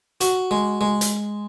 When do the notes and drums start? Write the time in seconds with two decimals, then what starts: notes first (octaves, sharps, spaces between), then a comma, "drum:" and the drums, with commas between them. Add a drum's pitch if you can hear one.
0.21 F#4, drum: hi-hat
0.51 G#3
0.81 G#3
1.01 drum: hi-hat